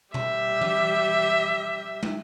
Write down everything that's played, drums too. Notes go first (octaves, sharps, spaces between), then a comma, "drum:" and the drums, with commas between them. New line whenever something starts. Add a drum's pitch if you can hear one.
G3 E5, drum: tom B2
drum: tom E3
drum: tom